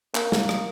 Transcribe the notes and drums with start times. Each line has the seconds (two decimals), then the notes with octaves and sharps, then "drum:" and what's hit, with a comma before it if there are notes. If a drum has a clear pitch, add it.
0.15 A#3, drum: clap
0.32 drum: snare
0.49 drum: rim click